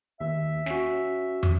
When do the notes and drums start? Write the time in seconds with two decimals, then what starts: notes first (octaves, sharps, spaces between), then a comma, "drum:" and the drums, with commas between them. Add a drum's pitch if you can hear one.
0.21 D#2 E5
0.66 C#4 F#4, drum: snare
1.43 drum: tom